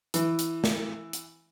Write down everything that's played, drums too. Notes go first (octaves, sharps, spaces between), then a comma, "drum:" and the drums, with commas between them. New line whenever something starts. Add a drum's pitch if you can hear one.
E3, drum: hi-hat
drum: hi-hat
drum: snare
drum: hi-hat